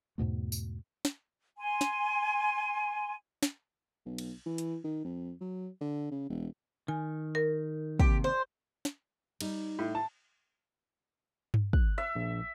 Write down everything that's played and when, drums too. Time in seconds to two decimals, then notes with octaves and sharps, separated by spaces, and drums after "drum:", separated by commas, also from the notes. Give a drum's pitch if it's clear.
0.18 E2 G#2 B2 A3
0.52 drum: tambourine
1.05 drum: snare
1.58 G#5 C6
1.81 drum: snare
3.43 drum: snare
4.06 B1
4.18 drum: cymbal
4.46 E3
4.58 drum: hi-hat
4.84 D#3
5.05 F2
5.41 F#3
5.81 D3
6.11 C#3
6.30 E1
6.88 D#3 G#5
7.35 A#4
7.99 D#2 C3 G4, drum: kick
8.24 C5
8.85 drum: snare
9.41 G3 D#4, drum: cymbal
9.79 A2
9.95 A5
11.54 drum: tom G2
11.73 F#6, drum: kick
11.98 E5
12.16 A#1